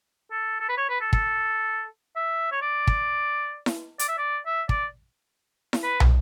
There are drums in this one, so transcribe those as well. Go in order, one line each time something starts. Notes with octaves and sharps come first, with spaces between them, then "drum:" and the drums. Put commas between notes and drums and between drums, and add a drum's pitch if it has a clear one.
A4
A4
B4
C#5
B4
A4
A4, drum: kick
E5
C#5
D5
drum: kick
drum: snare E4
D5, drum: hi-hat
E5
D5
E5
D5, drum: kick
drum: snare E4
B4
drum: tom